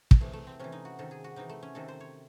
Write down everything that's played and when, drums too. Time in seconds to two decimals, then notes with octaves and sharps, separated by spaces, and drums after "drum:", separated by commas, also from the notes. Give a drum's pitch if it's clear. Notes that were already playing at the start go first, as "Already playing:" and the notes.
0.11 drum: kick
0.21 C3 E3 A3
0.33 A3
0.47 C4
0.59 C3 E3 C#4
0.72 D#4
0.85 F#4
0.99 C3 D#3 A4
1.11 G#4
1.24 F#4
1.36 C3 E3 D#4
1.49 A3
1.63 C#4
1.75 C3 D#3 A4
1.88 C5
2.00 C#5